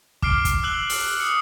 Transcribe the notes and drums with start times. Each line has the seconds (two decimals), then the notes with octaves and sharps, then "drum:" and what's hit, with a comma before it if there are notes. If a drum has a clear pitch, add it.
0.22 D6 F6 C7 D7 G7, drum: kick
0.45 drum: kick, hi-hat
0.63 E6 F#6 F#7 G7
0.90 drum: open hi-hat
1.20 D#6 C#7